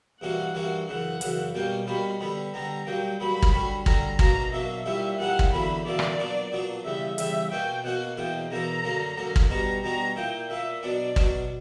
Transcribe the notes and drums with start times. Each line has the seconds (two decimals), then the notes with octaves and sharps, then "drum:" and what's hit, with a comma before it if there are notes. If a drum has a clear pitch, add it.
0.21 G2 E3 A#3 C#4 F#4 F#5
0.55 G2 E3 A#3 C#4 F#4
0.88 F#2 C#3 E3 F#5
1.21 F#2 C#3 E3, drum: hi-hat
1.54 B2 G3 A#3 C#4 G5
1.87 B2 G3 A#3 C#4 B5
2.20 D3 G3 B3 B5
2.54 D3 G3 B3 A#5
2.86 G2 F#3 A#3 G5
3.20 G2 F#3 A#3 B5
3.42 drum: kick
3.53 D3 G3 C#4 F#4
3.86 D3 G3 C#4 F#4 A#5, drum: kick
4.19 B2 F#3 A#3 D4 A#5, drum: kick
4.52 B2 F#3 A#3 D4 E5
4.85 A#2 G3 A#3 C#4 E4 E5
5.18 A#2 G3 A#3 C#4 E4 F#5
5.39 drum: kick
5.52 E2 D3 F#3 A#3 E4 B5
5.85 E2 D3 F#3 A#3 E4 D5
5.99 drum: rim click
6.18 A#2 F#3 B3 D4
6.52 A#2 F#3 B3 D4
6.84 E2 C#3 G3 E5
7.18 E2 C#3 G3 E5, drum: hi-hat
7.51 B2 A#3 C#4 F#4 G5
7.84 B2 A#3 C#4 F#4 F#5
8.17 E2 B2 A#3 E4 G5
8.51 E2 B2 A#3 E4 A#5
8.84 F#2 D3 A#3 C#4
9.17 F#2 D3 A#3 C#4
9.36 drum: kick
9.50 B2 G3 B3 D4 F#4 A#5
9.83 B2 G3 B3 D4 F#4 A#5
10.16 A#2 A#3 E4 G5
10.50 A#2 A#3 E4 E5
10.83 B2 F#3 B3 D4 D5
11.16 B2 F#3 B3 D4, drum: kick